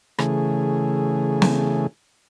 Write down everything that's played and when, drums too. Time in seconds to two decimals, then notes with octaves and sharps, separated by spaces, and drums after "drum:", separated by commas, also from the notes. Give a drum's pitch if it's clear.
0.19 C#3 E3 A3 G#4, drum: rim click
1.42 drum: snare